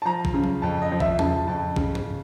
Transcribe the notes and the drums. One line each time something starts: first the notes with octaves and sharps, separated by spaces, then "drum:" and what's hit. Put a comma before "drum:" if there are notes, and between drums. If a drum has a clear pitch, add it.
A5
F3 A#5
drum: kick A#1
C#3
drum: tom F#3
F2 A5
D#5
F3
E5, drum: kick A#1
C#3 A5, drum: tom E2
F2 A5
C#3, drum: kick A#1
drum: tom G#2